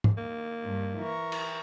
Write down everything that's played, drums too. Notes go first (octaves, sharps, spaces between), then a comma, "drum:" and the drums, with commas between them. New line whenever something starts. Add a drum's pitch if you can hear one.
drum: tom G#2
A#3
G2
E3 A#4 C#6
drum: cymbal